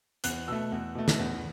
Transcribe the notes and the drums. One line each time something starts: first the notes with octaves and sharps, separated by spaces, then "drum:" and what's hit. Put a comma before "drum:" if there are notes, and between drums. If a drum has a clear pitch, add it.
E2 F#6, drum: hi-hat
B2 A3 E6
E2
B2 A3
drum: snare
E2